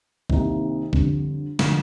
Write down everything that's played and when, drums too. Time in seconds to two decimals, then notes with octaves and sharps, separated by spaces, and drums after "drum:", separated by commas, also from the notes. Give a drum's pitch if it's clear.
0.30 C2 C3 D#3 A#3 D#4, drum: kick
0.93 F2 D3 G3, drum: kick
1.59 D3 F3, drum: snare